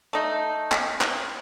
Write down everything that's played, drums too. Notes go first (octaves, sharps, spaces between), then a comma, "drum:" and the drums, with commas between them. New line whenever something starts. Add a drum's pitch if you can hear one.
A3 D#4
drum: clap
drum: clap